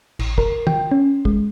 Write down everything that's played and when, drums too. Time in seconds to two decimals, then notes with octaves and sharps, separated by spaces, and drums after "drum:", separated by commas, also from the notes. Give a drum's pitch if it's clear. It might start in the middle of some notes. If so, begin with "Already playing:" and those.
0.19 A1, drum: cymbal
0.38 A#4, drum: kick
0.67 G5, drum: tom
0.92 C#4
1.25 G#3, drum: kick